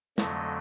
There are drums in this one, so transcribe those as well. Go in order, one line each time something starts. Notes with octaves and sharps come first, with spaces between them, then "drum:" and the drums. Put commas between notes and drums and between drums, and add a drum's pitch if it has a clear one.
F2 D3 F#3 A3 D#5, drum: snare